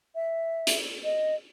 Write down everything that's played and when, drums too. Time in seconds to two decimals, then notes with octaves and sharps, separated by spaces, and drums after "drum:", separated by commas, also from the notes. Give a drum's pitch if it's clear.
0.15 E5
0.67 drum: hi-hat
1.04 D#5